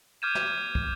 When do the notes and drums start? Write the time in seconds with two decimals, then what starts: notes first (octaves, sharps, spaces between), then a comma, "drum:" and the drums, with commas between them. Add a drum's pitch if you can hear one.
0.22 D6 F6 G6 G#6 D#7 E7
0.35 drum: snare
0.75 drum: kick